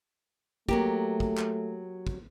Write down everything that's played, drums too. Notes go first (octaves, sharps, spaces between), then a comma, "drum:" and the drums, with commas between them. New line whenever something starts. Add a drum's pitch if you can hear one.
F#3 A3 A#3 G4, drum: kick
drum: kick
drum: clap
drum: kick